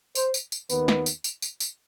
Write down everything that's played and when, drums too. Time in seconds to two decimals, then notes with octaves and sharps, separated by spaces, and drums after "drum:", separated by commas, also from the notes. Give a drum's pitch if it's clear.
0.15 C5, drum: tambourine
0.34 drum: tambourine
0.52 drum: tambourine
0.70 D#2 D#3 B3 B4, drum: tambourine
0.88 drum: snare
1.06 drum: tambourine
1.24 drum: tambourine
1.42 drum: tambourine
1.60 drum: tambourine